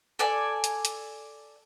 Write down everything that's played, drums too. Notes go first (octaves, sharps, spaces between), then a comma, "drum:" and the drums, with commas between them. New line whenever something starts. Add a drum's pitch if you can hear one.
A4 D5 G#5
drum: hi-hat
drum: hi-hat